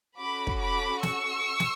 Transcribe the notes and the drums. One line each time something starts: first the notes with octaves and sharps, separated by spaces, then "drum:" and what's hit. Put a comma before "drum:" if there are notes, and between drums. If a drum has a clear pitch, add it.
C#4 F#4 A4 B5 D6
drum: kick
B5 D6
C#6 E6, drum: snare
drum: snare